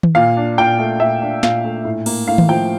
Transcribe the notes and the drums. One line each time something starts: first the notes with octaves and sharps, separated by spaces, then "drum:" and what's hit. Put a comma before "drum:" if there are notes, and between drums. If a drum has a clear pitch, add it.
drum: tom D#3
A#2 F5
D4
A#2 G5
A3
A#2 E5
D4
A#2 F5, drum: snare
A3
A2
A#3, drum: cymbal
A2 F5
drum: tom D#3
F3 G5